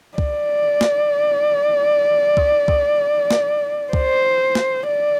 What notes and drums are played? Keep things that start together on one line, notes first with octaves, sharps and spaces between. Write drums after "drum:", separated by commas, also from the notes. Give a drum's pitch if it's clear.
D5, drum: kick
drum: snare
drum: kick
drum: kick
drum: snare
C5, drum: kick
drum: snare
D5